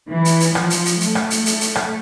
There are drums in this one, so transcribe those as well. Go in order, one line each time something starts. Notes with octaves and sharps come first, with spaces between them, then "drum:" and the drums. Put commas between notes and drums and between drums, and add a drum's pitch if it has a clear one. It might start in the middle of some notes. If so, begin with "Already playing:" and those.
E3
drum: hi-hat
drum: hi-hat
F3, drum: rim click
drum: hi-hat
drum: hi-hat
A3, drum: hi-hat
drum: rim click
drum: hi-hat
A3, drum: hi-hat
drum: hi-hat
drum: rim click